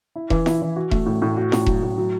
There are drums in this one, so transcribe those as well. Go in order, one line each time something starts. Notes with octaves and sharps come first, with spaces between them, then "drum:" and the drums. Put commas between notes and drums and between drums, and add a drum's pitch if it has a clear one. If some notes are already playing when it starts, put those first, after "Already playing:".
E4
E3, drum: kick E1
E4, drum: snare
E3
F#4
A3, drum: kick E1
A2
A2
F#4
A2, drum: snare
F#3, drum: kick E1
A2
F#3